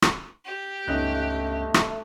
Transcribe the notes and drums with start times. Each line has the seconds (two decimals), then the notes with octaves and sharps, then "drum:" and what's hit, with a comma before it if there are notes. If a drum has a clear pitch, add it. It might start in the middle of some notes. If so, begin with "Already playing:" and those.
0.02 drum: rim click
0.45 G4
0.88 G1 C#2 A3 C#4 D#4 F#6
1.74 drum: rim click